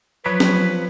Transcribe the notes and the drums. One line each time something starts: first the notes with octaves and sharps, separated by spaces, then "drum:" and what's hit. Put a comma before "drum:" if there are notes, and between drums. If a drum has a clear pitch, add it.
F3 F#3 B4 C#5 B5
drum: snare